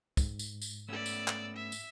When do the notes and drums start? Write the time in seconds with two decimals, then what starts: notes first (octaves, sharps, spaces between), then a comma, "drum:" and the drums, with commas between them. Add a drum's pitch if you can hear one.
0.17 G#2, drum: kick, tambourine
0.39 drum: tambourine
0.62 drum: tambourine
0.89 A3 B3 C#4 D5 E6
1.06 drum: tambourine
1.28 drum: clap
1.57 E5
1.72 drum: tambourine